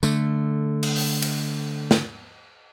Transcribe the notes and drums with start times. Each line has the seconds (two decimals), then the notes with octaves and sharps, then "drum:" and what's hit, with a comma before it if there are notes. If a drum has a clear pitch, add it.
0.03 D3 A3, drum: tambourine
0.83 drum: cymbal
0.96 drum: open hi-hat
1.22 drum: cymbal
1.91 drum: snare